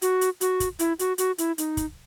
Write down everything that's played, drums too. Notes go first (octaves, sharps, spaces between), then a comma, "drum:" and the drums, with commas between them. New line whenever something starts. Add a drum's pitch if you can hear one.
F#4, drum: hi-hat
drum: hi-hat
F#4, drum: hi-hat
drum: kick, hi-hat
E4, drum: hi-hat
F#4, drum: hi-hat
F#4, drum: hi-hat
E4, drum: hi-hat
D#4, drum: hi-hat
drum: kick, hi-hat